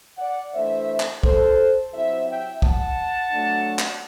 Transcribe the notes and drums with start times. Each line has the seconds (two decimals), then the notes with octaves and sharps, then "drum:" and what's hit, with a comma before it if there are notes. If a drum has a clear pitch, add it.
0.18 D5 F#5
0.54 E3 A3 D4 C5 E5
1.00 drum: clap
1.23 A4 C5, drum: kick
1.93 C3 F#3 C4 E4 C5 E5
2.27 E5 G5
2.62 F#5 A5, drum: kick
3.32 F#3 A3 D4
3.79 drum: clap